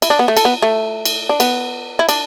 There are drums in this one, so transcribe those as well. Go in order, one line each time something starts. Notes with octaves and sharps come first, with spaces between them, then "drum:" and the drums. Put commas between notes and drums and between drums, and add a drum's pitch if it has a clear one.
E4, drum: cymbal
D4
B3
A3
A4, drum: cymbal
B3
A3
drum: cymbal
D4
B3, drum: cymbal
E4
D4, drum: cymbal